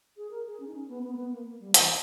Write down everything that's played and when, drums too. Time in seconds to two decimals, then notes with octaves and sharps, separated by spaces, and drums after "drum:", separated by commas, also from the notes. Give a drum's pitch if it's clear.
0.17 G#4
0.31 A#4
0.46 G#4
0.60 C#4
0.67 D#4
0.74 C#4
0.88 B3
1.03 B3
1.13 A#3
1.17 B3
1.32 A#3
1.46 A#3
1.60 G3
1.74 E3, drum: hi-hat